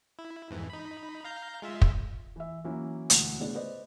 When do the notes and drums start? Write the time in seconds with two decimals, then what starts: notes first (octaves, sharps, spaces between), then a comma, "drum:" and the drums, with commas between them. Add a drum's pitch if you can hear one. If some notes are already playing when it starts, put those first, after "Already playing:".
0.19 E4
0.50 F2 G#2 E3
0.70 D#4 B5
1.25 F5 A#5 G6
1.62 G#3 F4 E5
1.82 drum: kick
2.36 E3 E5
2.64 E3 F#3 A#3 C#4 E4
3.10 E1 D2, drum: hi-hat
3.40 A2 C#3 B3 D4
3.55 B4 C5 D5 D#5